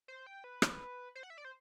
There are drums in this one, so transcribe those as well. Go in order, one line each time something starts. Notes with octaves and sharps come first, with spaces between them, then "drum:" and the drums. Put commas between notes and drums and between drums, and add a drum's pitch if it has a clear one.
C5
G5
B4
drum: rim click
C5
F#5
E5
D5
C5